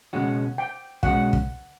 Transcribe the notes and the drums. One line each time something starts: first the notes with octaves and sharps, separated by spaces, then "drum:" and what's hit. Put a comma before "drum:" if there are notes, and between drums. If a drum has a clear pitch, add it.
C#2 B2 G#3 C#4 F#4 F#5
G5
C#2 B2 G#3 C#4 F#4 F#5, drum: kick
drum: kick